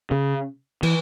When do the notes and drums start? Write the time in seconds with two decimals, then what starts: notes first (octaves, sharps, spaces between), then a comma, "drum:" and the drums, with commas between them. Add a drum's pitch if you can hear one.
0.11 C#3
0.83 E3, drum: cymbal